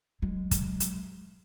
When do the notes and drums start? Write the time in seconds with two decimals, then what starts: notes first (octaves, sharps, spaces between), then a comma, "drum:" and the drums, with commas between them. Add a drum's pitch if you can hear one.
0.22 F#3 G#3
0.51 drum: kick, hi-hat
0.80 drum: hi-hat